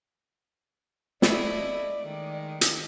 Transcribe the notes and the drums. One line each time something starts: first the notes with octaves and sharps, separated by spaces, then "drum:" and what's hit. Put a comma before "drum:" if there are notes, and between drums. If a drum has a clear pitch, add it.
A3 E4 D5 D#5, drum: snare
D#3 G#3
drum: hi-hat